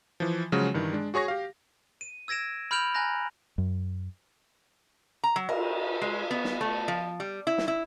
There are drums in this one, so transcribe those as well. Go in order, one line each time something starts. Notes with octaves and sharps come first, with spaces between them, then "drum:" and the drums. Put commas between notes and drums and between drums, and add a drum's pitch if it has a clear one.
E3 F3
C#3 F3 F#3 G#3 C#4 F#4
G2 D#3 E3
G#3 D4
F#4 G#4 C#5 C#6 A#6
G4 F5
D#7
E6 G#6 A#6 D7 E7
B5 F6 G6 D7 F7 F#7
G#5 A#5 F#6 A#6
F#2
A#5
F#3
A#4, drum: cymbal
G#3
B3
drum: snare
A3
F3
G3
E4
drum: snare
E4